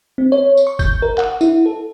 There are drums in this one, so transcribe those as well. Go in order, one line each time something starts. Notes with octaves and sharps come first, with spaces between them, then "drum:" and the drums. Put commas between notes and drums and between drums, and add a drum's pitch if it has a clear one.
C4
C#5
drum: tambourine
C#6
G6, drum: kick, tambourine
A#4
F#5, drum: clap
E4, drum: tambourine
A4